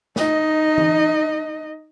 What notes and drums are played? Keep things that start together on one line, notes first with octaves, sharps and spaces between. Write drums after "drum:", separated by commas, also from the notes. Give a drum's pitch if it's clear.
D#4 D#5, drum: snare
drum: tom E3